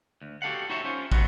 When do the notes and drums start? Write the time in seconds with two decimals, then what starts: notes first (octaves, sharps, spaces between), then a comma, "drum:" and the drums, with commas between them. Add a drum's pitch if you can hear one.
0.21 D2
0.42 F#4 G4 A4 F5 F#5
0.70 D#4 F#4 G4 A4 C#5 E5
0.85 C#4 F4 C5
1.12 G2 F#3 B3 C4 F#4, drum: kick